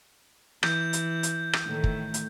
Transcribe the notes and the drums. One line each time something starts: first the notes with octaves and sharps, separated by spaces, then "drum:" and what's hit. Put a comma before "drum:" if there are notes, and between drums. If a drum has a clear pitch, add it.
E3 G6, drum: rim click
drum: hi-hat
drum: hi-hat
drum: rim click
A2 D#3 A3
drum: kick
drum: hi-hat